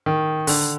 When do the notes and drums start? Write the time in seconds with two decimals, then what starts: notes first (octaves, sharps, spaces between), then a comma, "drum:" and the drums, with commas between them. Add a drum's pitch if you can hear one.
0.06 D#3
0.47 D3, drum: open hi-hat